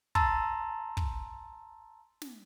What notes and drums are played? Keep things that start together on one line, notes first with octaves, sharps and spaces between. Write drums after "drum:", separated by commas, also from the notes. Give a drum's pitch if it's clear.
A5 A#5 C6 E6 A6, drum: kick
drum: kick
drum: snare